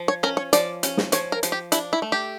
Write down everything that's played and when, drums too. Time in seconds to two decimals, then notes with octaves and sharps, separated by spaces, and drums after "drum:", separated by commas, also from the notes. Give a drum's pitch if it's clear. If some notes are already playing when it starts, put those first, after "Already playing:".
Already playing: F3
0.08 C#5
0.23 C#4 A#4
0.37 C#5
0.53 F3 D5, drum: hi-hat
0.83 C#4, drum: hi-hat
0.97 drum: snare
1.12 F3 C#5, drum: hi-hat
1.32 A#4
1.43 F3, drum: hi-hat
1.52 G4
1.72 D4 E4, drum: hi-hat
1.93 E4
2.02 A3
2.12 G4